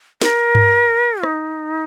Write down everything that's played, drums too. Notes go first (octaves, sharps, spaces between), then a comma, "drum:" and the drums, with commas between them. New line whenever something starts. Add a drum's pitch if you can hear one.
A#4, drum: snare
drum: tom G2
D#4, drum: rim click